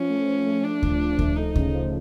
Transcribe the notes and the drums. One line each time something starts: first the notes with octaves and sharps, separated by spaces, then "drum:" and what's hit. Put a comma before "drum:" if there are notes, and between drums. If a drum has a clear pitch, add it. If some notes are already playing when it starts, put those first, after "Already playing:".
Already playing: F3 C#4
A3
F3
A3
A3 D4
F3, drum: kick D2
F3
A3, drum: kick D2
A3 D#4
C#3, drum: kick D2
F3